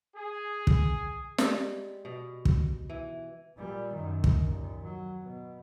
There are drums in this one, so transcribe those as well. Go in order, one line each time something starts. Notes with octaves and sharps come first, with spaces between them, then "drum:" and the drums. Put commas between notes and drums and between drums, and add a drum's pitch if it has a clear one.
G#4
drum: kick
G3 G#3, drum: snare
B2
drum: kick
E3
A#2 G3
F#2 D#3
drum: kick
D#2 A#2
F#3
B2